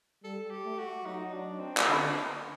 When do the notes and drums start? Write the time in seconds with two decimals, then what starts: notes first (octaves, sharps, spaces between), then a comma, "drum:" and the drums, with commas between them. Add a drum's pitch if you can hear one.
0.24 G3 A4
0.51 G4
0.65 A3
0.79 F#4
1.05 F#3 D#4
1.33 D4
1.60 C4
1.77 drum: clap
1.87 D3 D4
2.08 A#3